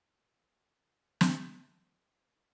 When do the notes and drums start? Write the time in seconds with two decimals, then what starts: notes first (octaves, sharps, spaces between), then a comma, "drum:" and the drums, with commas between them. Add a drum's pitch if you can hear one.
0.25 F#2
1.21 drum: snare
1.98 F#2